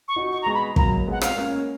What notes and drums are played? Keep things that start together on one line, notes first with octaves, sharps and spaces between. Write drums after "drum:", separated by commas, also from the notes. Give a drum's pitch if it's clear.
C#6
D#4 F#4
C#6
G#3 B3 A#5
B5
F#3 A#3 A#5, drum: kick
G#3 B3 F#5
F5, drum: rim click
A#3 C#4